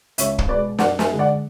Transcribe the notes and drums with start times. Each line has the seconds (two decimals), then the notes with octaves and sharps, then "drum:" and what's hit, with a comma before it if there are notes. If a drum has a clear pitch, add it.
0.18 C#2 C#5 E5, drum: hi-hat
0.38 drum: kick
0.48 B2 B4 D5
0.54 G#3
0.78 F#2 D5 F#5, drum: snare
0.99 E5 G#5, drum: snare
1.09 D3 G#3
1.19 D5 F#5